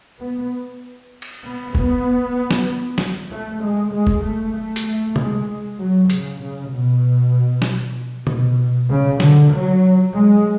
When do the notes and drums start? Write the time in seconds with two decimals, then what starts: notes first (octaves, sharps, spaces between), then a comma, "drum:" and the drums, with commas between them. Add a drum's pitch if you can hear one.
0.20 B3
1.22 drum: cymbal
1.44 B3
1.75 B3, drum: kick
2.51 drum: snare
2.98 drum: snare
3.31 A3
3.61 G#3
3.92 G#3
4.07 drum: kick
4.23 A3
4.55 A3
4.76 drum: hi-hat
4.85 A3
5.16 G#3, drum: tom C3
5.79 F#3
6.10 C#3, drum: hi-hat
6.41 C#3
6.72 B2
7.62 drum: snare
8.27 B2, drum: tom C3
8.89 C#3
9.20 D3, drum: snare
9.52 F#3
10.13 G#3